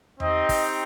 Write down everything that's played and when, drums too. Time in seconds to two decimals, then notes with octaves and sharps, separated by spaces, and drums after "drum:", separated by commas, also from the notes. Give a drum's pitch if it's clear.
0.20 C4 D#4 G4 D#5, drum: tom E2
0.49 drum: kick, open hi-hat